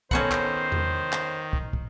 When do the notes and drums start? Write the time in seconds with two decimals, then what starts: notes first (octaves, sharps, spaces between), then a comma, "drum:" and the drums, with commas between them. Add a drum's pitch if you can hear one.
0.11 D#3 B3 C#4 F#4 A4 C5 C#5 F#5, drum: kick
0.31 drum: clap
0.72 drum: tom E2
1.13 drum: clap
1.53 drum: kick
1.73 drum: kick